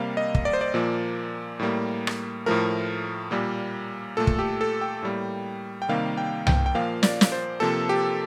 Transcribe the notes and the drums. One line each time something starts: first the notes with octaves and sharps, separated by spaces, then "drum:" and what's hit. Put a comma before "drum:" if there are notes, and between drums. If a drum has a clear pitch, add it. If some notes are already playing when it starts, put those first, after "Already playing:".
Already playing: C3 G3 A#3 F5
D#5
drum: kick
D5
C5
D5
A#2 F3 A#3
A2 G3 A#3
drum: rim click
A2 F3 A3 A#4
A#2 G3 A#3
A#2 A3 A4
drum: kick
G4
A4
G5
A2 G3 A#3
G5
C3 D#3 G3 A#3 F5
G5
G5, drum: tom C2
G5
A#2 F3 A#3 F5
D5, drum: snare
drum: snare
C5
C3 F3 A#3 A4
G4